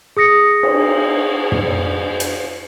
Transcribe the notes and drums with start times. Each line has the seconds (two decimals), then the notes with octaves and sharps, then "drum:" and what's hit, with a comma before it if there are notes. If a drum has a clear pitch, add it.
0.17 G#4 D#6 A#6 C#7
0.63 drum: cymbal
1.52 drum: tom
2.20 drum: hi-hat